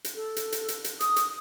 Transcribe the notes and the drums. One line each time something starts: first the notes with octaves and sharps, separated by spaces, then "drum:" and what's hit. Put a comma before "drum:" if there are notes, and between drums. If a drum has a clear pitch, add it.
drum: hi-hat
A4
drum: hi-hat
drum: hi-hat
drum: hi-hat
drum: hi-hat
D#6, drum: hi-hat
drum: hi-hat